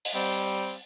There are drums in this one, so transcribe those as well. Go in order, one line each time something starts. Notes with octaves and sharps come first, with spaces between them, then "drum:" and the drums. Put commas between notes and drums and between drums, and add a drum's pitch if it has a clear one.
drum: open hi-hat
G3 C4